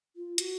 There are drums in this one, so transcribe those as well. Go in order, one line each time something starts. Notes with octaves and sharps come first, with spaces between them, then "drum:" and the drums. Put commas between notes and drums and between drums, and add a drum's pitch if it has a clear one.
F4
F#4, drum: hi-hat